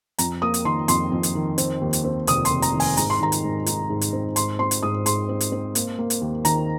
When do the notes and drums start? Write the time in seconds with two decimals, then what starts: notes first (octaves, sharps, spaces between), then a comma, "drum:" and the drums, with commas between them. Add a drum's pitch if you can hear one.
0.18 F2 A#5, drum: hi-hat
0.42 A#3 D#6
0.54 drum: hi-hat
0.65 D#3 C6
0.88 F2 C6, drum: hi-hat
1.12 F2
1.23 drum: hi-hat
1.35 D#3
1.58 C4, drum: hi-hat
1.81 D#2
1.93 drum: hi-hat
2.04 C4
2.27 F1 D#6, drum: hi-hat
2.45 C6, drum: hi-hat
2.51 F1
2.62 A#5, drum: hi-hat
2.74 D#3
2.80 G#5, drum: open hi-hat
2.97 G#2 A#5, drum: hi-hat
3.10 C6
3.21 D#3 A#5
3.32 drum: hi-hat
3.44 G#2
3.66 D#4, drum: hi-hat
3.90 G#2
4.01 drum: hi-hat
4.13 C4
4.36 G#2 C6, drum: hi-hat
4.59 C4 C6
4.71 drum: hi-hat
4.83 G#2 D#6
5.06 G#2 C6, drum: hi-hat
5.29 C4
5.41 drum: hi-hat
5.52 C4
5.75 A#3, drum: hi-hat
5.99 A#3
6.10 drum: hi-hat
6.21 D#2
6.45 D#3 A#5, drum: hi-hat